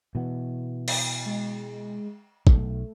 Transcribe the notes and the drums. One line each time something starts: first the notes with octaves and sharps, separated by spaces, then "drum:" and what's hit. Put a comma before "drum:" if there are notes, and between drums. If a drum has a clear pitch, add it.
B2 E3 B3
drum: cymbal
G#3
B1 A3, drum: kick